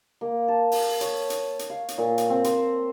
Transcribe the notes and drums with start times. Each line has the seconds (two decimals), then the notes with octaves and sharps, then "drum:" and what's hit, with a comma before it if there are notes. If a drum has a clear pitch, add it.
0.21 A#3
0.48 A5
0.72 drum: open hi-hat
1.01 C#5, drum: hi-hat
1.30 drum: hi-hat
1.59 drum: hi-hat
1.70 F5
1.88 drum: hi-hat
1.98 A#2
2.18 drum: hi-hat
2.30 C4
2.44 C5, drum: hi-hat